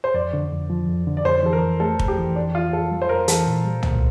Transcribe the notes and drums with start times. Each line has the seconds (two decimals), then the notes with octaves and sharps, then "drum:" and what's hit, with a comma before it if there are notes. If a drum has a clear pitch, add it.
0.04 C5
0.14 F2 D5
0.33 D3
0.52 F2
0.70 F3
0.89 F2
1.07 D3
1.17 D5
1.25 F2 C5
1.43 E3 A4
1.53 A#4
1.62 F2
1.80 A3 A4
1.99 F2, drum: kick
2.08 G4
2.18 E3
2.36 F2 D4
2.54 E3 F4
2.73 F2 A4
2.91 G3
3.02 C5
3.09 F2 A#4
3.28 E3 A4, drum: hi-hat
3.46 A#2
3.65 G3
3.83 A#2, drum: tom